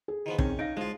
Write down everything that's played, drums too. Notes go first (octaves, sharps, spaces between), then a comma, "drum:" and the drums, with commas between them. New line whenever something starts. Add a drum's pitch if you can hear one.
G#4
D#3 F3 B3
C3 D#3 C#4, drum: kick
D#4 F5 A#6 D7
F3 G#3 F4